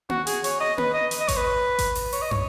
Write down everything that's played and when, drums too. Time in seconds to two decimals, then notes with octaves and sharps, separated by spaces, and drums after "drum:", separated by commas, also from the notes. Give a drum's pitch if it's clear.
0.09 F#4, drum: tom A#3
0.27 G#4, drum: hi-hat
0.44 C#5, drum: hi-hat
0.61 D#5
0.78 B4, drum: tom A#3
0.94 D#5
1.11 drum: hi-hat
1.20 D#5
1.28 C#5, drum: kick A1, hi-hat
1.37 B4
1.79 drum: kick A1, hi-hat
1.95 drum: open hi-hat
2.13 C#5, drum: open hi-hat
2.22 D#5
2.31 C#5, drum: tom